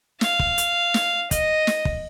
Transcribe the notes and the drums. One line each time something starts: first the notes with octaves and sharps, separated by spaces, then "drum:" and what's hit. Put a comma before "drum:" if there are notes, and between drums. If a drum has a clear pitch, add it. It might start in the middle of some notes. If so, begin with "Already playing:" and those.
F5, drum: snare
drum: kick
drum: hi-hat
drum: snare
D#5, drum: kick, hi-hat
drum: snare
drum: kick